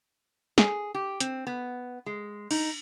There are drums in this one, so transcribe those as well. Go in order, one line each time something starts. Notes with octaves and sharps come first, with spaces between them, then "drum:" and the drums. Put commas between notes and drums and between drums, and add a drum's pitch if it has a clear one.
G#4, drum: snare
G4
C4, drum: hi-hat
B3
G#3
D#4, drum: cymbal